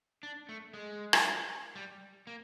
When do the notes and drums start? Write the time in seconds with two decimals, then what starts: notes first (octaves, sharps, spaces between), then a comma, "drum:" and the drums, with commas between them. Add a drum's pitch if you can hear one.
0.23 D4
0.49 A3
0.74 G#3
1.13 drum: rim click
1.76 G3
2.27 A#3